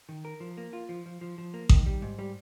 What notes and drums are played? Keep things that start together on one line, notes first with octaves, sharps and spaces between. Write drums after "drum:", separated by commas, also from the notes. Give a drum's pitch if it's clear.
D#3
A#4
F3
A#3
F4
F3
F3
F3
F3
A#3
D#3, drum: kick A1
G3
G#2
G3